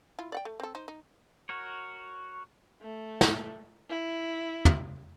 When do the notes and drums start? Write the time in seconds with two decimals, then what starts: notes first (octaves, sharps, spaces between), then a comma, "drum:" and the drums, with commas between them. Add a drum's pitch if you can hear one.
0.19 E4 F4
0.32 D5 F#5 G5
0.45 A3
0.60 C4 A4
0.75 D#4 C5
0.88 D#4
1.49 F#4 A#4 C#5
2.82 A3
3.21 drum: snare
3.89 E4
4.65 drum: tom